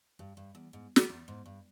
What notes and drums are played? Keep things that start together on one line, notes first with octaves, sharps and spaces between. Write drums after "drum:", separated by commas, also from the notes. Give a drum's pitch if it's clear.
G2
G2
E2
G#2
drum: snare
E2
G#2
G2